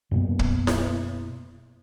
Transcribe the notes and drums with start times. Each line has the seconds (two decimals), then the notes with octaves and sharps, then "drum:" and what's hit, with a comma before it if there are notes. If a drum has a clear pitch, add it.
0.11 F#2 B2 A#3 B3
0.39 drum: kick
0.67 drum: snare E4